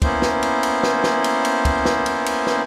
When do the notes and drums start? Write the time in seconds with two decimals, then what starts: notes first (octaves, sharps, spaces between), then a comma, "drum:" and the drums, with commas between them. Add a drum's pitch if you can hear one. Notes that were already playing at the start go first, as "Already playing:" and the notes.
0.02 A#3 B3 C#4 E4 C5, drum: kick, cymbal
0.22 drum: snare
0.42 drum: cymbal
0.63 drum: cymbal
0.83 drum: snare
1.04 drum: snare
1.24 drum: cymbal
1.45 drum: cymbal
1.65 drum: kick, cymbal
1.85 drum: snare
2.06 drum: cymbal
2.26 drum: cymbal
2.47 drum: snare